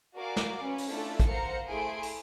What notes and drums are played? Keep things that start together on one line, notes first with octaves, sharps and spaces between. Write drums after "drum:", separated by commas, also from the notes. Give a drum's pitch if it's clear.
F#4 A#4 D5 F5 G#5 D6
drum: snare
C#4 B4
drum: open hi-hat
A3 C#4 D4 E4 F4 A4
drum: kick, hi-hat
A#4 C5 F5 F#5 A#5 C#7
A3 E4 G#4 G#5 C6 D7
drum: open hi-hat